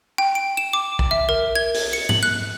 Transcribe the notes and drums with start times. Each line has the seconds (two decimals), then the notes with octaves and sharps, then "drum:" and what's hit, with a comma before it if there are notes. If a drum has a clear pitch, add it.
0.18 G5
0.35 D7
0.57 E7
0.73 D6
0.99 drum: kick B1
1.11 E5
1.29 A#4
1.55 G#6
1.74 drum: open hi-hat
1.93 C#7
2.09 F#7, drum: tom G#2
2.23 F#6